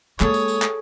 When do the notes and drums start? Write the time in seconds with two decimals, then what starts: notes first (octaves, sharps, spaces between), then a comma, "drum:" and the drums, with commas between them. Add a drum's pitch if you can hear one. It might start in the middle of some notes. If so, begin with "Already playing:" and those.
0.20 G#3 A#3 G#4 A4 C#5 D#6, drum: clap
0.34 drum: tambourine
0.48 drum: tambourine
0.62 drum: clap